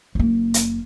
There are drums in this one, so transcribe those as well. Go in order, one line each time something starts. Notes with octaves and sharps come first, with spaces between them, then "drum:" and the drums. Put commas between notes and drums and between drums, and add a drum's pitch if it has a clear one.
F#1 A#3
drum: hi-hat